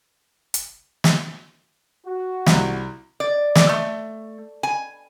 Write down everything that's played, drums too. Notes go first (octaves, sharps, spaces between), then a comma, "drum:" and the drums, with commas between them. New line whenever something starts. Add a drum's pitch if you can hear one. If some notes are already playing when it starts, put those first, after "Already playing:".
drum: hi-hat
drum: snare
F#4
C2, drum: snare
D5
D5, drum: snare
A3
G#5